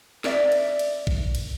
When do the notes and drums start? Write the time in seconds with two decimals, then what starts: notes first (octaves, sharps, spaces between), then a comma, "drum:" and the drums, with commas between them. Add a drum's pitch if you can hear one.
0.24 A#4 D5 E5, drum: snare
0.52 drum: cymbal
0.79 drum: cymbal
1.07 drum: kick A1
1.35 drum: cymbal